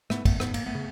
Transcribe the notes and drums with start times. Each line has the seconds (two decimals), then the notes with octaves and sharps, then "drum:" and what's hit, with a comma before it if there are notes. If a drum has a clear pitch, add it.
0.10 G#2 A3 B3, drum: rim click
0.25 A3 B3, drum: kick, cymbal
0.40 G#2 B3, drum: rim click
0.54 A#3, drum: cymbal
0.66 A3 B3
0.75 C#3